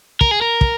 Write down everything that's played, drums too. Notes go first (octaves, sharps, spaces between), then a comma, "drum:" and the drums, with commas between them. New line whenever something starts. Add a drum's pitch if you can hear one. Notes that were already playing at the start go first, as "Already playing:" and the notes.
A#4, drum: kick
G#4
A#4
drum: kick